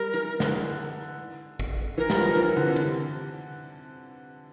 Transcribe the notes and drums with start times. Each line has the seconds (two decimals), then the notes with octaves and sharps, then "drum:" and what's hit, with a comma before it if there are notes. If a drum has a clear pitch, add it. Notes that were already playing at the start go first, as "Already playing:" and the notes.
Already playing: G3 A#4
0.14 E3, drum: hi-hat
0.40 D3, drum: snare
1.60 drum: kick
1.98 E3 A#4
2.10 G3, drum: snare
2.17 F3
2.33 F3
2.36 E3
2.56 D3
2.67 C3
2.76 D3, drum: cymbal